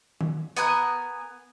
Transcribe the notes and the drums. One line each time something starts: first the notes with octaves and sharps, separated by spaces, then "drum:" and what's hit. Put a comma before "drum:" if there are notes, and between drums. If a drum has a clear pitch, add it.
drum: tom D#3
B3 A#4 G#5 F#6, drum: hi-hat